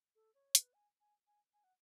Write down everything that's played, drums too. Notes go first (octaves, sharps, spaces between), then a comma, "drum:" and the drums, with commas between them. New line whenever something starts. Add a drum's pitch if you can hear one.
A4
C#5
B4, drum: hi-hat
G#5
G#5
G#5
G#5
F#5